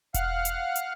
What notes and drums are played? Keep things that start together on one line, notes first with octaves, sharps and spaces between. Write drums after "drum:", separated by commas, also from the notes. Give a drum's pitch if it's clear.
F5 F#5 F6 F#6, drum: kick E1, hi-hat
drum: hi-hat
drum: hi-hat